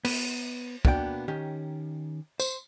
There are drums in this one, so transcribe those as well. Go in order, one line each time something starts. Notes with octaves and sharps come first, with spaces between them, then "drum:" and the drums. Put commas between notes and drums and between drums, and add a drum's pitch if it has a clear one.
B3, drum: cymbal
B2 A#3 B3 D4 D5 G5, drum: kick
D#3 C#4 G4
C5, drum: tambourine